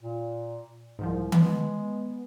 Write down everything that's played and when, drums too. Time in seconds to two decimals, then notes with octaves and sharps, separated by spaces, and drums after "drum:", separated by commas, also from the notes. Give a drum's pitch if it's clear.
0.03 A#2
0.99 C2 G#2 D#3 F3
1.32 G#3 B3, drum: tom D#3